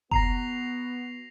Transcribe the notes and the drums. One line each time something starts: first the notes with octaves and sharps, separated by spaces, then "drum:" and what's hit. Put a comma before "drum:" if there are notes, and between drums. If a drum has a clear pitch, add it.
B3 F#4 A#5 A#6 C7 F7, drum: kick F#1